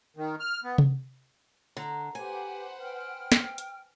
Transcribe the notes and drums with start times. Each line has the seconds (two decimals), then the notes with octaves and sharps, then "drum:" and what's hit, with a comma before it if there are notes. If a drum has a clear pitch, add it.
0.17 D#3
0.40 F6
0.64 B3
0.78 drum: tom C3
1.77 D3 A#5
2.15 G4 B4 C5 F#5 G#5
2.80 G5 F6
3.32 drum: snare
3.58 drum: hi-hat